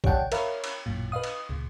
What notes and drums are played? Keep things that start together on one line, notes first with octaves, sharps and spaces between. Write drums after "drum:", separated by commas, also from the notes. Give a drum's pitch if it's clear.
G4 C#5 D5 F#5 G5 A5, drum: kick A#1
A#4 C#5 E5 F5 B5, drum: cymbal
drum: cymbal
A1 F#2 A#2
B4 D#5 F5 D#6
drum: cymbal
C#2 A#2